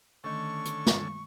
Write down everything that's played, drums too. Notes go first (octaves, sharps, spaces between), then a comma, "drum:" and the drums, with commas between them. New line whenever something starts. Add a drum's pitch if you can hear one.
D3 D#3 A3 C#4 A4 C#6
drum: hi-hat
drum: snare